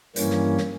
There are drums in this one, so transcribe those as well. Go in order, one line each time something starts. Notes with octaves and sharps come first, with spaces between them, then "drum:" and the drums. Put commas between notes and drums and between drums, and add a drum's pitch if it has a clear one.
G2 E3 A#3 C#4, drum: hi-hat
drum: snare
drum: snare